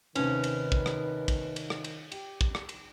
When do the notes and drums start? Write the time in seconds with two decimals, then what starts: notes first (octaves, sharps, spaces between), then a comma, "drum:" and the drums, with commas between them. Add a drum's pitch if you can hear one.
0.15 D#2 C3 D#3 C#4 B4, drum: cymbal
0.44 drum: cymbal
0.72 drum: kick
0.86 drum: rim click
1.28 drum: kick, cymbal
1.56 drum: cymbal
1.70 drum: rim click
1.84 drum: cymbal
2.12 G4 G5, drum: cymbal
2.41 drum: kick
2.55 drum: rim click
2.69 drum: cymbal